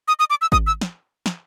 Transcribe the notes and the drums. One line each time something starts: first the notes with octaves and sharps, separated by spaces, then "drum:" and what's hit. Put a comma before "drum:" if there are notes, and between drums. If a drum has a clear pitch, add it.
D#6
D#6
D6
E6
D#6, drum: kick G#1
E6
drum: snare
drum: snare